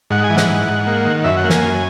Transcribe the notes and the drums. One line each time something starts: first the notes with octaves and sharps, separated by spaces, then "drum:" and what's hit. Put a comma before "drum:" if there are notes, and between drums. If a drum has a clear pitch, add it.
G#2 F#5
G#5
E3
F#5, drum: snare
G#2
G#2
A#3
D#3
F#2 E5
F#5
A#3
G#5, drum: snare
F#2